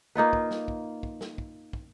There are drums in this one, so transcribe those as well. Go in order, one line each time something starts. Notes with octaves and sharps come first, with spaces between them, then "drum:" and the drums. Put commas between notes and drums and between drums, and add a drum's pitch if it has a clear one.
A#3 D#4 F4 B4
drum: kick
drum: snare
drum: kick
drum: kick
drum: snare
drum: kick
drum: kick